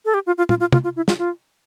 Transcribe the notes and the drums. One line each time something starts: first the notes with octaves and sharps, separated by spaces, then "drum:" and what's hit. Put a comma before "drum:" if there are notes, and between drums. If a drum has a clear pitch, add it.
A4
G4
F4
F4
F4, drum: tom
F4
F4, drum: tom
F4
E4
F4, drum: snare
F4